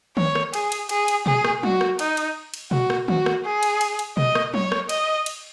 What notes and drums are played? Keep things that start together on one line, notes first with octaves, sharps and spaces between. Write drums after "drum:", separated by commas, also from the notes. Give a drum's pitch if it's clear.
C#5, drum: tom D#3
drum: rim click
G#4, drum: cymbal
drum: cymbal
G#4, drum: cymbal
drum: cymbal
G#4, drum: tom B2
drum: rim click
F#4, drum: tom F#3
drum: rim click
D#4, drum: cymbal
drum: cymbal
drum: cymbal
F#4, drum: tom B2
drum: rim click
F#4, drum: tom D#3
drum: rim click
G#4
drum: cymbal
drum: cymbal
drum: cymbal
D#5, drum: tom B2
drum: rim click
C#5, drum: tom F#3
drum: rim click
D#5, drum: cymbal
drum: cymbal